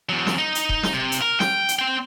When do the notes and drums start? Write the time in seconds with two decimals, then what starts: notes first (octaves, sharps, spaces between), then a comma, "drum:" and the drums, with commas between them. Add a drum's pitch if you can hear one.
0.09 E2 F#3
0.27 drum: snare
0.38 D#4
0.55 drum: hi-hat
0.69 drum: kick D#1
0.83 drum: snare
0.94 C3
1.12 drum: hi-hat
1.22 A#4
1.40 G5, drum: snare
1.68 drum: hi-hat
1.79 C4 G5